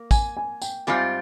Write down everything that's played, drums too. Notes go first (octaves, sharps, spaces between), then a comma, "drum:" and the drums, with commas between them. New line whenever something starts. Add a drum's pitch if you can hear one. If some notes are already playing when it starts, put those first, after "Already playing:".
Already playing: A#3
G#5, drum: kick, tambourine
G#5
G5, drum: tambourine
G#2 G3 C4 F4 G#5